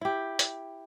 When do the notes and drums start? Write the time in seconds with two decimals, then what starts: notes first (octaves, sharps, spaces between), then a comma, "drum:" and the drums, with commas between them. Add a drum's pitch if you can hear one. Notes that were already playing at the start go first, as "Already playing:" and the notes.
0.01 E4 G4
0.39 drum: hi-hat